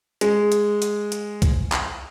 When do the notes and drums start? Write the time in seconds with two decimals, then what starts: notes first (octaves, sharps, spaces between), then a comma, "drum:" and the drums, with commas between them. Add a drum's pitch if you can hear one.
0.21 G#3, drum: hi-hat
0.52 drum: hi-hat
0.82 drum: hi-hat
1.12 drum: hi-hat
1.42 drum: kick C2, hi-hat
1.72 drum: clap